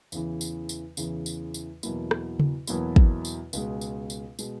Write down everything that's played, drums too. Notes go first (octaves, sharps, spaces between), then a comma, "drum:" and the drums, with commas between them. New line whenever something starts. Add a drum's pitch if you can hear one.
E2 C#3 E3, drum: tambourine
drum: tambourine
drum: tambourine
E2 C#3 E3, drum: tambourine
drum: tambourine
drum: tambourine
E2 B2 F#3 A#3 E4, drum: tambourine
drum: rim click
drum: tom C#3
E2 B2 F#3 A#3 E4, drum: tambourine
drum: kick
drum: tambourine
C#2 B2 G#3, drum: tambourine
drum: tambourine
drum: tambourine
B2 G#3, drum: tambourine